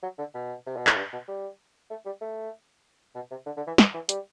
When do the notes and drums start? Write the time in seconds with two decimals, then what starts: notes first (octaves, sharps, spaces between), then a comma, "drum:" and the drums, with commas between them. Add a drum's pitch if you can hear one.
0.03 F#3
0.18 D3
0.34 B2
0.66 C3
0.77 B2
0.87 A2, drum: clap
0.97 G2
1.13 B2
1.28 G3
1.90 A3
2.06 G3
2.21 A3
3.15 B2
3.31 C3
3.46 D3
3.57 D3
3.67 E3
3.78 E3, drum: snare
3.94 E3
4.09 G3, drum: hi-hat